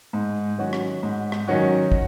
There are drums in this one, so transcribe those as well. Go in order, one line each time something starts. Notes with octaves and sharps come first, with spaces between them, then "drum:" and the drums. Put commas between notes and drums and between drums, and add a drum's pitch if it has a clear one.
G#2
D#3 F#3 C#4 F#4
drum: rim click
G#2
drum: rim click
D#3 F#3 C#4 F#4
drum: kick